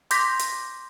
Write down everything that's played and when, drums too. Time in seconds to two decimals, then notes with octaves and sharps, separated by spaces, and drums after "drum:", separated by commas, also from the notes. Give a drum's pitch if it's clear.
0.11 C6 D6 G6 A#6 B6, drum: hi-hat
0.39 drum: hi-hat